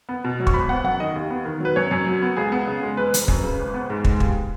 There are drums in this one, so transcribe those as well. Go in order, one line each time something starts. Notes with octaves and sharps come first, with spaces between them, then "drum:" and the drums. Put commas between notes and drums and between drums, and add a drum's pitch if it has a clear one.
B3
B2
F#3
C#6, drum: kick
G#1 B5
B3 F#5
F#2 F#5
D#3 D#5
D#2
B3
D#3
F#3 B4
F#2 C#5
F#2
F#3
B3
C#2 G#4
B3
C#3
G#3
F#1 B4
F#1, drum: hi-hat
F#2, drum: kick
C#3
G#1
B3
G#2
G#3, drum: kick
D#2, drum: kick